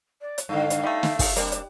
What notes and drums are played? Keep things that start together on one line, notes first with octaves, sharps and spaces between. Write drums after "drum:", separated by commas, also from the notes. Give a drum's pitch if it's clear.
D5
drum: hi-hat
G2 D3 F5
drum: hi-hat
G3 A3 D#4
drum: snare
drum: kick, open hi-hat
G3 A#3 C4 D4, drum: hi-hat
drum: hi-hat